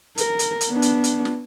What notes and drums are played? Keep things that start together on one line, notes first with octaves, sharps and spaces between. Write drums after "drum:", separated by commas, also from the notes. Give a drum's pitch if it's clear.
A#4, drum: hi-hat
drum: hi-hat
drum: hi-hat
B3 D4
drum: hi-hat
drum: hi-hat
drum: snare